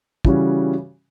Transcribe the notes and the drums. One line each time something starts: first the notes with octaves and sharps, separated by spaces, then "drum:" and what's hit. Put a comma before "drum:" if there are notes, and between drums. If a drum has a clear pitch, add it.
C#3 E3 G3 C#4 F#4, drum: kick